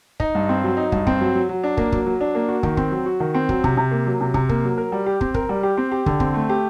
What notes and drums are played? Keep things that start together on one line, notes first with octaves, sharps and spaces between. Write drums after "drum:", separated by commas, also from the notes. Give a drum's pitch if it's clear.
D#4, drum: kick
G2
C4
F#3
D#4
G2, drum: kick
C4, drum: kick
F#3
F#3
F#3
D4
A#3, drum: kick
F#3, drum: kick
F#3
D4
A#3
F#4
D#3, drum: kick
C4, drum: kick
F#3
F#4
D#3
C4
F#3, drum: kick
C3, drum: kick
C3
A#3
F#3
C3
C3, drum: kick
A#3, drum: kick
F#3
A#4
G3
G4
C4, drum: kick
A#4, drum: kick
G3
G4
C4
G4
D3, drum: kick
C4, drum: kick
A3
G4